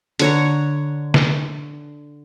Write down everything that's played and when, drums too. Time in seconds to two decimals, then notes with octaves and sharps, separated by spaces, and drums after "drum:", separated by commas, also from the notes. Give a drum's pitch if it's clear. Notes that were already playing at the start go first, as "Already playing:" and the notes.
0.19 D3 C#5 A#5, drum: hi-hat
1.14 drum: snare